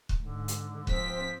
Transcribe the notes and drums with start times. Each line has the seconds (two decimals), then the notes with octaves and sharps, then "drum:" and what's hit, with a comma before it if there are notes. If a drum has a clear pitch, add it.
0.09 drum: kick
0.20 G#2 D3
0.48 drum: hi-hat
0.87 F3 C4 B6, drum: kick